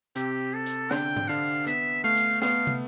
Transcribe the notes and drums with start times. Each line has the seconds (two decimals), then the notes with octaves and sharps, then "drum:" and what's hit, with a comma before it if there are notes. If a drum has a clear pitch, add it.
0.16 C3 C4 G4, drum: hi-hat
0.54 A4
0.66 drum: hi-hat
0.91 D3 D4 G5, drum: snare
1.17 drum: tom G#2
1.28 D3 D4 F5
1.67 B3 E5, drum: hi-hat
2.04 A3 F5
2.17 drum: hi-hat
2.42 B3 F5, drum: snare
2.67 drum: tom